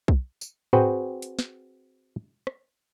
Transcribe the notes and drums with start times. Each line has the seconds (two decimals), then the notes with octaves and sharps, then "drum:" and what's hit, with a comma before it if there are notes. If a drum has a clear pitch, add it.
0.08 drum: kick B1
0.41 drum: tambourine
0.73 C4 F#4 G#4 B4 C5 G5, drum: tom G#2
1.22 drum: hi-hat
1.39 drum: snare
2.47 drum: rim click